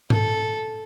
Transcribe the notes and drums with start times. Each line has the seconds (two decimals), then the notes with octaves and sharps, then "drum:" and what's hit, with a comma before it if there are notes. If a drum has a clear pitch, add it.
0.10 A4, drum: tom G#2